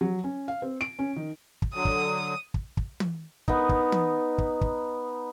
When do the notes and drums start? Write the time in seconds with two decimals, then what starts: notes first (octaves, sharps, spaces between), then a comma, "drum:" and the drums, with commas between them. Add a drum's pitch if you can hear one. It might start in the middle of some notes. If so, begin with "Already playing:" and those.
0.01 F#3
0.24 C#4
0.48 F5
0.62 C4
0.81 D7
0.99 C#4
1.16 D#3
1.62 drum: kick
1.74 D3 F#3 D#6
1.85 drum: kick
2.54 drum: kick
2.77 drum: kick
3.00 drum: tom
3.48 B3 D#4, drum: kick
3.69 drum: kick
3.92 drum: tom
4.38 drum: kick
4.61 drum: kick